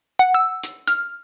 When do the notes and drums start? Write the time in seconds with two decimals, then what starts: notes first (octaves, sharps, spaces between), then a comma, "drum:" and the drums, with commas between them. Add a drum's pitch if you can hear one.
0.19 F#5
0.34 E6
0.64 drum: hi-hat
0.87 F6, drum: hi-hat